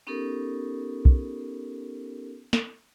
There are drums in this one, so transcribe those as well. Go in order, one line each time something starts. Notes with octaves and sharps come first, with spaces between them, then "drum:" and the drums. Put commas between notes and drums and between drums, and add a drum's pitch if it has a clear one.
B3 C#4 D#4 G4 A4 A#4
drum: kick
drum: snare